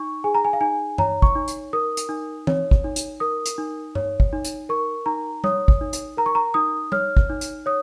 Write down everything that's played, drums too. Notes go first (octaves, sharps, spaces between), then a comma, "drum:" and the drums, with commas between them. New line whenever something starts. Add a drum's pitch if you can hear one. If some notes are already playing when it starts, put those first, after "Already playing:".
Already playing: D#4 C#6
G#4 G#5
A#5
G#5
F5
D#4 G#5
C#5 A#5, drum: tom G2
C#6, drum: kick
D#4
drum: hi-hat
A#4 D#6
drum: hi-hat
D#4
C#5, drum: tom E3
drum: kick
D#4
drum: hi-hat
A#4 D#6
drum: hi-hat
D#4
C#5, drum: tom G2
drum: kick
D#4
drum: hi-hat
A#4 C#6
D#4 A#5
C#5 D#6, drum: tom
drum: kick
D#4
drum: hi-hat
A#4 A#5
C#6
A#5
D#4 D#6
C#5 F6, drum: tom
drum: kick
D#4
drum: hi-hat
C#5 D#6